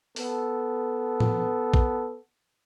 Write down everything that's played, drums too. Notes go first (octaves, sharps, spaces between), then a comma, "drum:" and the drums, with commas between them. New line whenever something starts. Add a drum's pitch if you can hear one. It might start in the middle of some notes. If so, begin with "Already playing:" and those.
B3 A4, drum: open hi-hat
drum: tom
drum: kick A1